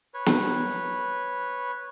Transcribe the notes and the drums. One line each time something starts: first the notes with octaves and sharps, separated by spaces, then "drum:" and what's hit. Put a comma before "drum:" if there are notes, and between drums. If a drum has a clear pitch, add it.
B4 C#5
drum: snare